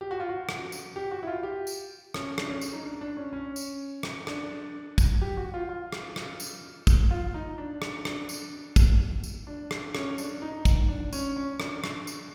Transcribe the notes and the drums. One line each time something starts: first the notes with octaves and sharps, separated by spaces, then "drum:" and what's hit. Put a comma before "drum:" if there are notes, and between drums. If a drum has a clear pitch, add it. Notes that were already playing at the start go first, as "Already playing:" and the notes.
G4
F#4
F4
F#4
drum: rim click
drum: tambourine
G4
F#4
E4
F4
G4
drum: tambourine
C#4, drum: rim click
D4, drum: rim click
C#4
drum: tambourine
D#4
D4
D4
C#4
C#4
drum: tambourine
drum: rim click
D4, drum: rim click
drum: kick, tambourine
G4
F#4
F4
F4
drum: rim click
drum: rim click
drum: tambourine
drum: kick, tambourine
F4
D#4
D4
drum: rim click
D4, drum: rim click
drum: tambourine
drum: kick, tambourine
drum: tambourine
D4
drum: rim click
C#4, drum: rim click
D4, drum: tambourine
D#4
drum: kick, tambourine
D4
C#4, drum: tambourine
C#4
D4, drum: rim click
drum: rim click
drum: tambourine